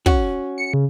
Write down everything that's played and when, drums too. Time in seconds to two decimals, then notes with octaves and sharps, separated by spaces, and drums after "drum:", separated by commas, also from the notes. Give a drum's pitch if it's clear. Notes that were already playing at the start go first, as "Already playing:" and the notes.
0.06 C#4 F#4, drum: kick
0.58 C#7
0.74 C#3